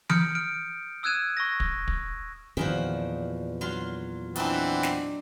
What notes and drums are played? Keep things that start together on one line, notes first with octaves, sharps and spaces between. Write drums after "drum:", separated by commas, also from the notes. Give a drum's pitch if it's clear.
D#6 F6 G6 C#7 D7, drum: tom E3
F6 D7
D#6 E6 F#6 G#6 D#7 E7
C#6 E6 A#6
drum: kick
drum: kick
E2 A#2 D#3 F3 F#4
F#3 F4 C6
E3 C4 D4 D#4 F#5, drum: hi-hat
drum: snare